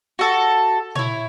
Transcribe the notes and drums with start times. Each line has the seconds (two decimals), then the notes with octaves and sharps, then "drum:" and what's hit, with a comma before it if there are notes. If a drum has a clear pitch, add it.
0.19 F#4 A4
0.95 E4 C#5, drum: tom A#2